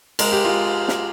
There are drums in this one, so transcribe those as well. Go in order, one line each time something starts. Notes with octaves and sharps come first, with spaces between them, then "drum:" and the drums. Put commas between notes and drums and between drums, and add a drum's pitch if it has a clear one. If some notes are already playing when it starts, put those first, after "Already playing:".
G#3 A#4, drum: cymbal
G4
G#3 F4
drum: snare